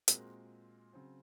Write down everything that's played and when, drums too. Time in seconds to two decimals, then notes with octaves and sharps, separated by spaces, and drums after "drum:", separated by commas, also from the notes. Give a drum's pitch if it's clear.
0.08 A#2 G#3 C4 F#4 A#4, drum: hi-hat
0.93 C#3 F#3 C4